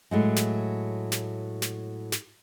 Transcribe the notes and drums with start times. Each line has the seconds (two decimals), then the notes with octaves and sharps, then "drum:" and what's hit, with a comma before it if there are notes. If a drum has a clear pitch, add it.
0.11 A2 F#3 G#3
0.36 drum: snare
1.12 drum: snare
1.62 drum: snare
2.12 drum: snare